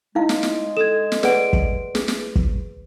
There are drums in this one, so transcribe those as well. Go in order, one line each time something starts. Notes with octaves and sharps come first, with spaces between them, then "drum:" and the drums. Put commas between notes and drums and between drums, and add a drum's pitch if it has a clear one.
G#3 D#4 E4 F5
drum: snare
drum: snare
A4 G#6 E7
drum: snare
G#4 B4 D5 F#5 D7, drum: snare
drum: kick
G#4, drum: snare
drum: snare
drum: kick